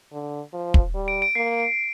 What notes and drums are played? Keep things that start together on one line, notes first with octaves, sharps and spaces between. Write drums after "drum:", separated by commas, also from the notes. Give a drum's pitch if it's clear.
D3
F3
drum: kick
G3
D7
D7
A#3 C7